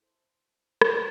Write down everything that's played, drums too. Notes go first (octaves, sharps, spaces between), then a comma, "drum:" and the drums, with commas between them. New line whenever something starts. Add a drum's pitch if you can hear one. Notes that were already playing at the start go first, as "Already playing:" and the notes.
E4 A4 C5
drum: rim click